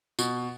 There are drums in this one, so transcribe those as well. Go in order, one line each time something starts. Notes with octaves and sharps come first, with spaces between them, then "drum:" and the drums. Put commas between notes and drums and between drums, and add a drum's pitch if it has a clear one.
B2, drum: tambourine